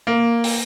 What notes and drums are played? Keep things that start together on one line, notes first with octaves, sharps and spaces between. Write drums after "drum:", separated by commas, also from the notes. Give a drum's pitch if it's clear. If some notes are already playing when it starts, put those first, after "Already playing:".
A#3
drum: open hi-hat